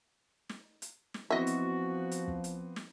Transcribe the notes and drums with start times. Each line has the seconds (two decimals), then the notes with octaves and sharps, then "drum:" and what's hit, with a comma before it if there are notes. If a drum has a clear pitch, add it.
0.49 drum: snare
0.82 drum: hi-hat
1.14 drum: snare
1.30 E3 F3 B3 C4 F#4 D#5 E5
1.47 drum: hi-hat
2.11 drum: hi-hat
2.28 drum: kick
2.44 drum: hi-hat
2.76 drum: snare